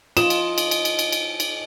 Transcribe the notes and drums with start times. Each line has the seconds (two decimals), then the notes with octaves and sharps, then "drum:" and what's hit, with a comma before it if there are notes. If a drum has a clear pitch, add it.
0.17 F4 D#5 E7, drum: cymbal
0.30 drum: cymbal
0.58 drum: cymbal
0.71 drum: cymbal
0.85 drum: cymbal
0.99 drum: cymbal
1.12 drum: cymbal
1.40 drum: cymbal